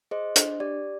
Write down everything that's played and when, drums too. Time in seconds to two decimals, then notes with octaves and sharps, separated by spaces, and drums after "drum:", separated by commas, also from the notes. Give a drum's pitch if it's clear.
0.11 G#4 C5 D#5
0.36 D4, drum: hi-hat
0.60 G4 D5